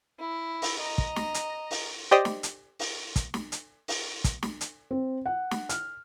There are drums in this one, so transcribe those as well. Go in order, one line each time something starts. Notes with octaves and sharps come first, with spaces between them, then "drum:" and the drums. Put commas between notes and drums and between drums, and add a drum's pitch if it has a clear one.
E4
drum: open hi-hat
D#5 A#5
drum: kick
drum: snare
drum: hi-hat
drum: open hi-hat
G4 C5 D5 D#5 G5 D#6
drum: snare
drum: hi-hat
drum: open hi-hat
drum: kick, hi-hat
drum: snare
drum: hi-hat
drum: open hi-hat
drum: kick, hi-hat
drum: snare
drum: hi-hat
C4
F#5
drum: snare
F6, drum: hi-hat